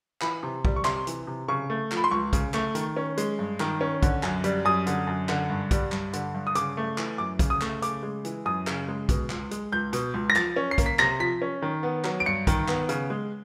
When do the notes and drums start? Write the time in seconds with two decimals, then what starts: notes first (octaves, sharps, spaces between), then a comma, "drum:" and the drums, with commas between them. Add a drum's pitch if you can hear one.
0.21 E3 B5, drum: clap
0.43 C3
0.65 G3, drum: kick
0.76 C#6
0.85 C3 C6, drum: clap
1.07 E3, drum: hi-hat
1.27 C3
1.48 C#3 C#6
1.70 A3
1.91 F3, drum: clap
1.97 B5
2.04 C6
2.11 C#2 C#6
2.33 C#3, drum: kick, hi-hat
2.54 A3, drum: clap
2.75 D#3, drum: hi-hat
2.97 C#4
3.17 G#3, drum: hi-hat
3.39 G2
3.60 D#3, drum: clap
3.81 C#4
4.03 D3, drum: kick, hi-hat
4.23 F#2, drum: clap
4.44 G3, drum: hi-hat
4.65 F#2 D#6
4.87 D3, drum: hi-hat
5.07 F#2
5.29 D3, drum: clap
5.50 G2
5.71 G3, drum: kick, hi-hat
5.92 G2, drum: clap
6.13 D3, drum: hi-hat
6.34 G2
6.47 D#6
6.55 C#3 D6, drum: hi-hat
6.77 A3
6.98 E3, drum: clap
7.18 F#2 D6
7.39 C#3, drum: kick, hi-hat
7.50 D#6
7.61 A3, drum: clap
7.82 C#3 D6, drum: hi-hat
8.03 G#3
8.25 E3, drum: hi-hat
8.46 F#2 D#6
8.67 C#3, drum: clap
8.88 G#3
9.09 B2, drum: kick, hi-hat
9.30 C#2, drum: clap
9.51 G#3, drum: hi-hat
9.72 C#2 G6
9.93 B2, drum: hi-hat
10.14 C#2
10.30 A#6
10.36 F3 A6, drum: clap
10.56 C#4
10.71 C7
10.78 A#3, drum: kick, hi-hat
10.86 B6
10.99 C3 A#6, drum: clap
11.20 F3 B6
11.42 C#4
11.62 D#3
11.83 B3
12.04 F#3, drum: clap
12.20 D7
12.26 G2 C#7
12.47 D#3, drum: kick, hi-hat
12.68 B3, drum: clap
12.89 C#3, drum: hi-hat
13.10 G#3